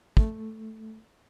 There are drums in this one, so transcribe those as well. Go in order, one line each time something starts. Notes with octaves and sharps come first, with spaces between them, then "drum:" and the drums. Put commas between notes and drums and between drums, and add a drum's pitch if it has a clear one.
A3, drum: kick